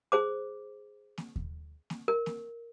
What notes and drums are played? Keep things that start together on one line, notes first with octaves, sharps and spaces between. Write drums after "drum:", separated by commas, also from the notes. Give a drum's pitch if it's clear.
G#4 C5 D6
drum: snare A#3
drum: kick D#2
drum: snare A#3
A#4
drum: snare A#3